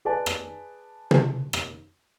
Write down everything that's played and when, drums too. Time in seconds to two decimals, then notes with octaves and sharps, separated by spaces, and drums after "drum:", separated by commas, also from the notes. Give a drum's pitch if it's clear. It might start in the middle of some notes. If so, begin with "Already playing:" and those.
0.05 G#4 B4 D5 G#5 A5
0.26 drum: rim click
1.11 drum: tom
1.53 drum: rim click